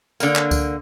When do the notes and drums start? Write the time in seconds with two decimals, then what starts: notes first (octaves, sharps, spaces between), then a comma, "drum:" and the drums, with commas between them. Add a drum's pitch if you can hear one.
0.20 D3 A#3, drum: tambourine
0.36 drum: clap
0.51 drum: kick C#2, tambourine